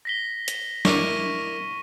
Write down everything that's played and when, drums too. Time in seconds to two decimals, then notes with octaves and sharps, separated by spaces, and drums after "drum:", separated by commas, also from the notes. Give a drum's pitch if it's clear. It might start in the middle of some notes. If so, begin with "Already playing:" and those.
0.05 A#6 B6 G7
0.48 drum: hi-hat
0.85 E4 A#4 D5 C#6 D#7, drum: snare